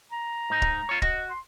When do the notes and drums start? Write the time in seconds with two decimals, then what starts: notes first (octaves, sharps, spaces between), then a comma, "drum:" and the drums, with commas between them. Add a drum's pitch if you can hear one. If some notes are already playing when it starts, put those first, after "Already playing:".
0.12 A#5
0.50 G#2 D#4
0.62 drum: kick
0.89 F4 C#5
1.02 F#4 D#5, drum: kick
1.29 C6